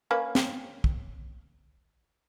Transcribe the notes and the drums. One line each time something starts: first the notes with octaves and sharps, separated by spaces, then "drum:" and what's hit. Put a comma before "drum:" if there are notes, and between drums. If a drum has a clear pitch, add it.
A#3 C#4 B4
drum: snare
drum: kick